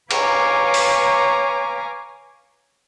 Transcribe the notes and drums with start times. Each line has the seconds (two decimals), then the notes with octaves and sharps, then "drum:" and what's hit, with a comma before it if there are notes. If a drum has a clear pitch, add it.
0.11 B4 C#5 F5 G#5 A#5 D6, drum: cymbal
0.74 drum: open hi-hat